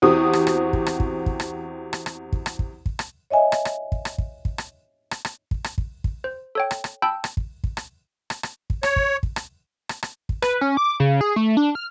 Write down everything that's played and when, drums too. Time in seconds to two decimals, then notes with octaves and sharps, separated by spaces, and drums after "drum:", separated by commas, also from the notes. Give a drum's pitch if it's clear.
0.02 E2 C4 F#4 G4 D#6
0.33 drum: rim click
0.47 drum: rim click
0.73 drum: kick
0.86 drum: rim click
1.00 drum: kick
1.26 drum: kick
1.40 drum: rim click
1.93 drum: rim click
2.06 drum: rim click
2.33 drum: kick
2.46 drum: rim click
2.59 drum: kick
2.86 drum: kick
2.99 drum: rim click
3.31 C#5 D#5 E5 G#5
3.52 drum: rim click
3.65 drum: rim click
3.92 drum: kick
4.05 drum: rim click
4.18 drum: kick
4.45 drum: kick
4.58 drum: rim click
5.11 drum: rim click
5.25 drum: rim click
5.51 drum: kick
5.64 drum: rim click
5.78 drum: kick
6.04 drum: kick
6.24 C5
6.55 A4 C#5 G5
6.71 drum: rim click
6.84 drum: rim click
7.02 G5 A5 B5 E6 G6
7.24 drum: rim click
7.37 drum: kick
7.64 drum: kick
7.77 drum: rim click
8.30 drum: rim click
8.43 drum: rim click
8.70 drum: kick
8.83 C#5, drum: rim click
8.96 drum: kick
9.23 drum: kick
9.36 drum: rim click
9.89 drum: rim click
10.03 drum: rim click
10.29 drum: kick
10.42 B4, drum: rim click
10.61 C#4
10.77 D6
11.00 C#3
11.21 G#4
11.36 A3
11.57 D4
11.75 F6